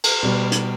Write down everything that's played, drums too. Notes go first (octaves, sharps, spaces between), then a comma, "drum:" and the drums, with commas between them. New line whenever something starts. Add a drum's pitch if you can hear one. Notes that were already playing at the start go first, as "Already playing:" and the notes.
drum: cymbal
B2 G3 B3
drum: hi-hat